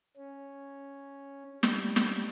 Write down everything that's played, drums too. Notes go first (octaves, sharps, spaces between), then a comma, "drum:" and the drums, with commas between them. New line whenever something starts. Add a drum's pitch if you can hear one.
C#4
G3, drum: snare
drum: snare